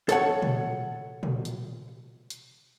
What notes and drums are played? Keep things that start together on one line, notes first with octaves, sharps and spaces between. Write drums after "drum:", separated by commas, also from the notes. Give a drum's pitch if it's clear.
A4 C#5 F#5, drum: hi-hat
drum: tom
drum: tom
drum: hi-hat
drum: hi-hat